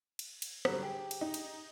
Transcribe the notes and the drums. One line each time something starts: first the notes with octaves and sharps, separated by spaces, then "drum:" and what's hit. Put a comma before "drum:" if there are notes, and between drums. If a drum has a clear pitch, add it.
drum: cymbal
drum: cymbal
D3 F#3 G3, drum: rim click
G4 G#4 G5
drum: cymbal
D#4
drum: cymbal